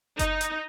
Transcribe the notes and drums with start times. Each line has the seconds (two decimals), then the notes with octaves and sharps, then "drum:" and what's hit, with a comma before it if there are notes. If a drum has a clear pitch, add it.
0.19 D#4, drum: kick F#1, hi-hat
0.41 drum: hi-hat